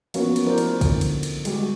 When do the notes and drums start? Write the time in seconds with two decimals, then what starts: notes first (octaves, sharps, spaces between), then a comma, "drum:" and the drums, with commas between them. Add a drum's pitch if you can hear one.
0.14 F3 A#3 B3 C#4 F#4, drum: cymbal
0.36 drum: cymbal
0.46 F3 A3 E4 A#4 C5 D5
0.58 drum: cymbal
0.81 D3, drum: kick, cymbal
1.01 drum: cymbal
1.23 drum: cymbal
1.45 G3 G#3 F#4 G4, drum: cymbal